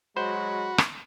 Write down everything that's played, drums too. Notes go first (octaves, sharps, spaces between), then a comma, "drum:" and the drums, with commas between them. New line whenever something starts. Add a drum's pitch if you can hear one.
F#3 G#3 F#4 C5 B5
drum: rim click